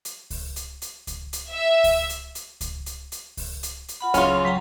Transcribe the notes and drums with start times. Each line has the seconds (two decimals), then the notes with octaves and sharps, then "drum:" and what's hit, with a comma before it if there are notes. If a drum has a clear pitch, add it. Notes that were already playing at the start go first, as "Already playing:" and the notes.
0.05 drum: hi-hat
0.30 drum: kick C#2, open hi-hat
0.56 drum: hi-hat
0.82 drum: hi-hat
1.07 drum: kick C#2, hi-hat
1.33 drum: hi-hat
1.53 E5
1.84 drum: kick C#2, open hi-hat
2.09 drum: hi-hat
2.35 drum: hi-hat
2.61 drum: kick C#2, hi-hat
2.86 drum: hi-hat
3.12 drum: hi-hat
3.37 drum: kick C#2, open hi-hat
3.63 drum: hi-hat
3.88 drum: hi-hat
4.00 F4 F#5 B5
4.14 F#2 C#3 C#4 F4 C#5, drum: kick C#2, hi-hat
4.45 F#3 G5 A#5